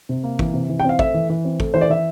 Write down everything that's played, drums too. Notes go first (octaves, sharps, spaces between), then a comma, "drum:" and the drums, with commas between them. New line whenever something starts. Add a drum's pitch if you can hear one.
C3
A#3
E3, drum: kick
C3
E3
G5
C4 F5
A3 E5, drum: kick
E3
E3
C4
A3, drum: kick
E3 C5
D5
E3 E5